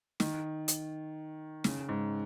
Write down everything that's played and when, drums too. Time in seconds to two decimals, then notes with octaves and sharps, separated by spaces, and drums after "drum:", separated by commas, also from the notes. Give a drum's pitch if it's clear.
0.20 D#3, drum: snare
0.68 drum: hi-hat
1.64 C#3, drum: snare
1.89 G#2